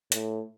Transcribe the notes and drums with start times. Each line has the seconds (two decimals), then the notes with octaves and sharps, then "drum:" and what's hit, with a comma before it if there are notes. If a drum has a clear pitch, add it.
0.12 A2, drum: hi-hat